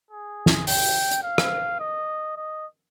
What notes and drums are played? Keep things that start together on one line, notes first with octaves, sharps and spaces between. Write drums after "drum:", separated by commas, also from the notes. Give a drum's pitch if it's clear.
G#4
drum: snare
G5, drum: open hi-hat
drum: hi-hat
F5
drum: rim click
D#5
D#5